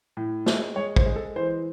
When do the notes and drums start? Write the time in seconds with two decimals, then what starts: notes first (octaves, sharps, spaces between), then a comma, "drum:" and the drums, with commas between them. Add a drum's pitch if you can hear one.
0.17 A2
0.46 G#3 E5, drum: snare
0.76 G#3 C#5
0.96 C5, drum: kick
1.06 G#3
1.16 A4
1.36 E3 C5